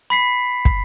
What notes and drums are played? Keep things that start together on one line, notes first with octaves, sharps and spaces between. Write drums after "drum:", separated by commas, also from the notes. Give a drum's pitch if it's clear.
B5 B6 C7
drum: kick